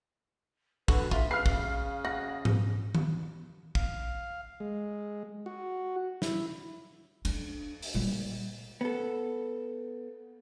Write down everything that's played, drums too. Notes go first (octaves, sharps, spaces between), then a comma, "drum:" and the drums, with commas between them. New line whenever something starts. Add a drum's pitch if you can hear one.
D3 F#4 B4, drum: kick
A#1 F4 E5, drum: kick
C#3 B4 F5 F6 C7
drum: kick
F#5 A#6
drum: tom G#2
drum: tom D#3
F5, drum: kick
G#3
F#4
E4, drum: snare
D4, drum: cymbal
drum: open hi-hat
A#2 G3
B3 A4